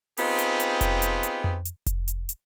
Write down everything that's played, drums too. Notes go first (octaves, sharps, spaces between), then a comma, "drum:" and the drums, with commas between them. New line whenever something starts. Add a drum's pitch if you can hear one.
B3 C4 D#4 F4 G4 G#4, drum: open hi-hat
drum: hi-hat
drum: hi-hat
drum: kick F1, hi-hat
drum: hi-hat
drum: hi-hat
drum: tom F2
drum: hi-hat
drum: kick F1, hi-hat
drum: hi-hat
drum: hi-hat